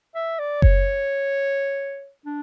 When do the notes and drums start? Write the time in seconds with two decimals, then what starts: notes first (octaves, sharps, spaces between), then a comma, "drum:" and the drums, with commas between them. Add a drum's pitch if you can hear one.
0.15 E5
0.40 D5
0.62 C#5, drum: kick F#1
2.26 D4